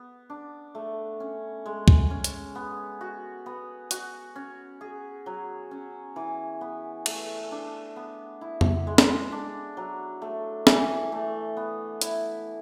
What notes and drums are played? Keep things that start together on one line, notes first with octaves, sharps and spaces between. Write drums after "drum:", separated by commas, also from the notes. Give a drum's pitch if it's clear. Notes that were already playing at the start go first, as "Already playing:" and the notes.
Already playing: B3
D4
A3
C#4
G#3
drum: kick
C#4
drum: hi-hat
B3
F#4
B3
F#4, drum: hi-hat
C#4
G#4
F#3
C#4
E3
B3
A3, drum: cymbal
D4
B3
E4
drum: tom F2
G#3
drum: snare
D4
F#3
A3
E3, drum: snare
A3
B3
E4, drum: hi-hat